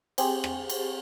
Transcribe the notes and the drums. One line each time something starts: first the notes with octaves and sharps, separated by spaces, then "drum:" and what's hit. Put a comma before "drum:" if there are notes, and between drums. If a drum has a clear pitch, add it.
C4 G4 G#4 C5, drum: cymbal
drum: rim click
drum: cymbal